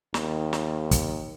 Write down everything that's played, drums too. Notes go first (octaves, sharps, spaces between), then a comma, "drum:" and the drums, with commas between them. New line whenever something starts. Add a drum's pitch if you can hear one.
D#2, drum: snare
drum: snare
drum: kick, hi-hat